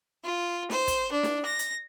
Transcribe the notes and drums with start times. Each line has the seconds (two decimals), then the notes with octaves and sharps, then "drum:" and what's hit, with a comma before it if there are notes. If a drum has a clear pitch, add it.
0.23 F4
0.70 C5, drum: snare
0.88 drum: kick, hi-hat
1.11 D4
1.23 drum: snare
1.44 A#6
1.59 drum: hi-hat